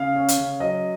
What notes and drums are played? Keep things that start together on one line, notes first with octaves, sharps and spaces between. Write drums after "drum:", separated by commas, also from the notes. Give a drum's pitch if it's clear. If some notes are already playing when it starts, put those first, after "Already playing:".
Already playing: C#3 F5
C#4
drum: hi-hat
C#3
F#3 D#5